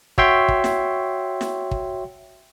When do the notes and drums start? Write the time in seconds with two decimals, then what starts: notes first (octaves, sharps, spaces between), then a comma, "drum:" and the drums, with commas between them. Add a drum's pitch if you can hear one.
0.18 F#4 C#5 E5 G5 C6, drum: kick
0.48 drum: kick
0.64 drum: snare
1.41 drum: snare
1.71 drum: kick